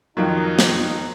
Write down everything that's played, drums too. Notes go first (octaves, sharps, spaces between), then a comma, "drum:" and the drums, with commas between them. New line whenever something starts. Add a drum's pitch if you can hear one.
F2 D#3 F#3 D#4 F4
drum: snare